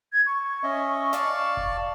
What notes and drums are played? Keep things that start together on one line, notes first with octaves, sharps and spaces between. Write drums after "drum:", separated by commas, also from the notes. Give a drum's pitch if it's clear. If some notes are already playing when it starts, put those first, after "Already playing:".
G#6
C#6
C#4 D#5 E5
D5 F5 A5, drum: snare
drum: kick F1